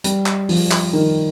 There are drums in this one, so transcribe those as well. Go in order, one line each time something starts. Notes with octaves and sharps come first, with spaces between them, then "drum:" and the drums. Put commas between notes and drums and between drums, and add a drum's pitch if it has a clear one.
G3, drum: hi-hat
drum: clap
F3, drum: open hi-hat
drum: clap
D#3